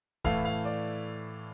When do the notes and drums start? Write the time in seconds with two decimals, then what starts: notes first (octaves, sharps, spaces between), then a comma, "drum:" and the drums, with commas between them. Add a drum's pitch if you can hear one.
0.24 A2 E3 A3 F5, drum: kick
0.45 F5
0.65 D5